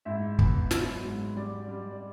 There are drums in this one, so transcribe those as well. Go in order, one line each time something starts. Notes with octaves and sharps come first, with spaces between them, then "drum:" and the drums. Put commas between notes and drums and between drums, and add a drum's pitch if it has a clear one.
G#2 E4 E5
B3, drum: kick
F#3, drum: snare
G#2
G3 D5
G3
D5